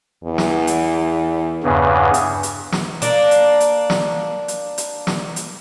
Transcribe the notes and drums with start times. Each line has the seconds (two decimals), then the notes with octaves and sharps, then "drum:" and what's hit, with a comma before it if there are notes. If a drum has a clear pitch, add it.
0.24 E2
0.38 drum: snare
0.67 drum: hi-hat
1.63 E2 G2 C#3 B3
2.14 drum: hi-hat
2.43 drum: hi-hat
2.72 drum: snare
3.02 A#3 D4, drum: hi-hat
3.31 drum: hi-hat
3.60 drum: hi-hat
3.90 drum: snare
4.48 drum: hi-hat
4.78 drum: hi-hat
5.07 drum: snare
5.36 drum: hi-hat